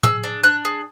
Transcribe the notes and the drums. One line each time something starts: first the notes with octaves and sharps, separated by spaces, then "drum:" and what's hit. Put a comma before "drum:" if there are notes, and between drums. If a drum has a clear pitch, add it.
G#4 E6, drum: tom
D4
D4 F#6
G#4